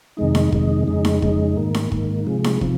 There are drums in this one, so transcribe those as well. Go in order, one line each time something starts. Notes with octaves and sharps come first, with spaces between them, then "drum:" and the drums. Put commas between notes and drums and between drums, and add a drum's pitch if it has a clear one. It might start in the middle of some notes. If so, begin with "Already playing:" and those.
F2 C3 D#3 G#3 D#4
drum: snare D#4
F2 C3 D#3 G#3 D#4, drum: kick
F2 C#3 G#3 D#4
drum: snare D#4
F2 C#3 G#3 D#4, drum: kick
G#2 D#3 A#3
drum: snare D#4
G#2 D#3 A#3, drum: kick
C3 F3 G#3
drum: snare D#4
C3 F3, drum: kick